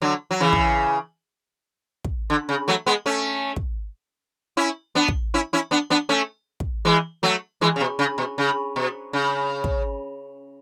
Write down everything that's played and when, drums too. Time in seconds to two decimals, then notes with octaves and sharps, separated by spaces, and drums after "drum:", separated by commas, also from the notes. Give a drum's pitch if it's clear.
0.02 D3 F#3
0.31 F#3
0.40 C#3 E3
0.53 drum: kick
2.04 drum: kick
2.30 D3
2.49 C#3
2.68 F#3 A3
2.86 G#3 B3
3.06 A3 C#4
3.56 drum: kick
4.57 C#4 E4
4.95 B3 D4
5.08 drum: kick
5.34 C#4 E4
5.53 C#4 E4
5.71 B3 D4
5.90 B3 D4
6.09 A3 C#4
6.60 drum: kick
6.85 E3 G#3
7.23 F#3 A3
7.61 E3 G#3
7.76 C#3
7.80 B2
7.99 C#3
8.18 B2
8.38 C#3
8.76 B2
9.13 C#3
9.64 drum: kick